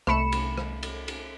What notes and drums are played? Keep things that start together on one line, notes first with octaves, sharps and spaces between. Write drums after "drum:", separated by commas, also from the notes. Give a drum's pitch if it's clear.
C2 A3 B5 C#7 E7, drum: rim click
drum: cymbal
drum: rim click
drum: cymbal
drum: cymbal